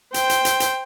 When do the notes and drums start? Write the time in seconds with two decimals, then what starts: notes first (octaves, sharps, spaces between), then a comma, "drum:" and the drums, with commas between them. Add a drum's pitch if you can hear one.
0.14 C5 G5, drum: hi-hat
0.30 drum: hi-hat
0.45 drum: hi-hat
0.60 drum: hi-hat